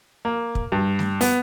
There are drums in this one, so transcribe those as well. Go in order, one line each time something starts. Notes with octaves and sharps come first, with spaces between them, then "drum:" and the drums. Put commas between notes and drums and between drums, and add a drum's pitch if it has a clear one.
A#3
drum: kick
G2
drum: snare A3
B3, drum: open hi-hat